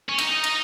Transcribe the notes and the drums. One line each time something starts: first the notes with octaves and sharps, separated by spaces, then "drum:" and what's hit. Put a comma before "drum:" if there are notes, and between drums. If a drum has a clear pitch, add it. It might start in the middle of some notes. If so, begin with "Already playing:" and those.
C#4
D#4, drum: cymbal
drum: cymbal